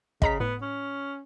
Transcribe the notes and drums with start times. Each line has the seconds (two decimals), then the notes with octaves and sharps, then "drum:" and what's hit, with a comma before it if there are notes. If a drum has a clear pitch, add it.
0.22 C#3 D#5 A#5 B6, drum: kick
0.40 A2 B3
0.62 C#4